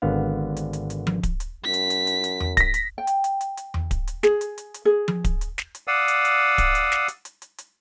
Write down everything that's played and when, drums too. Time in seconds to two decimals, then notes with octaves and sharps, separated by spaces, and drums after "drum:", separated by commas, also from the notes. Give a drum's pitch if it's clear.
0.02 G#1 D3 B3 F5
0.57 drum: hi-hat
0.73 drum: hi-hat
0.90 drum: hi-hat
1.07 drum: tom F3
1.23 drum: kick D1, hi-hat
1.40 drum: hi-hat
1.64 F#2 B6
1.74 drum: hi-hat
1.90 drum: hi-hat
2.07 drum: hi-hat
2.24 drum: hi-hat
2.40 drum: tom E2
2.57 A#6 B6, drum: kick D1, hi-hat
2.74 drum: hi-hat
2.98 G5
3.07 drum: hi-hat
3.24 drum: hi-hat
3.41 drum: hi-hat
3.57 drum: hi-hat
3.74 drum: tom E2
3.91 drum: kick D1, hi-hat
4.07 drum: hi-hat
4.23 G#4, drum: snare
4.41 drum: hi-hat
4.58 drum: hi-hat
4.74 drum: hi-hat
4.85 G#4
5.08 drum: tom F3
5.24 drum: kick D1, hi-hat
5.41 drum: hi-hat
5.58 drum: snare
5.75 drum: hi-hat
5.88 D5 F5 F#5 D#6 E6
6.08 drum: hi-hat
6.25 drum: hi-hat
6.58 drum: kick D1, hi-hat
6.75 drum: hi-hat
6.92 drum: snare
7.08 drum: hi-hat
7.25 drum: hi-hat
7.42 drum: hi-hat
7.58 drum: hi-hat